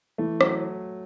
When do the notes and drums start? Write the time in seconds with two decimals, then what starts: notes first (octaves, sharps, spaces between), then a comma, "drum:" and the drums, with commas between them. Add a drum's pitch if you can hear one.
0.18 E3 A3
0.41 F#3, drum: rim click